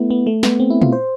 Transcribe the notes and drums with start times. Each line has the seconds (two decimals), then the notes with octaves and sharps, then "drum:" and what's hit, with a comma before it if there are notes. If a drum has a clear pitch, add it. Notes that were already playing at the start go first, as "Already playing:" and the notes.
Already playing: A3 B3 E4
0.10 B3
0.27 A3
0.43 B3, drum: snare
0.60 C4
0.70 E4
0.81 F4, drum: tom
0.92 C5